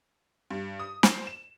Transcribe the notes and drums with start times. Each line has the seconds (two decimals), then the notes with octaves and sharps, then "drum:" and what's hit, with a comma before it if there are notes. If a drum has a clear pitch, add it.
0.50 G2
0.79 D#6
1.03 C5, drum: snare
1.27 E7